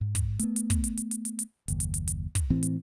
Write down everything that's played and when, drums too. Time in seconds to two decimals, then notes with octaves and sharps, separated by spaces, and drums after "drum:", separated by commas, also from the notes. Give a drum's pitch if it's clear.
0.01 G#2
0.15 drum: kick, hi-hat
0.39 A3 B3, drum: hi-hat
0.56 drum: hi-hat
0.70 drum: kick, hi-hat
0.84 drum: hi-hat
0.97 drum: hi-hat
1.11 drum: hi-hat
1.25 drum: hi-hat
1.39 drum: hi-hat
1.68 F#1 D#2, drum: hi-hat
1.80 drum: hi-hat
1.94 drum: hi-hat
2.08 drum: hi-hat
2.35 drum: kick, hi-hat
2.50 A2 E3 C4
2.63 drum: hi-hat